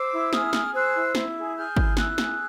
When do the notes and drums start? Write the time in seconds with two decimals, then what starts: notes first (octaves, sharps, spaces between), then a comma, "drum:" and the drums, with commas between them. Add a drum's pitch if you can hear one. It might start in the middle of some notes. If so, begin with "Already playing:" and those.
Already playing: C5 D6 E6
0.12 E4
0.33 G#4 D#6 F6, drum: snare
0.53 G#4, drum: snare
0.74 C5 E6 F#6
0.94 E4
1.15 E4, drum: snare
1.36 G#4
1.56 G#4 F6 G6
1.77 E4, drum: kick G#1
1.97 E4 E6 F#6, drum: snare
2.18 G#4, drum: snare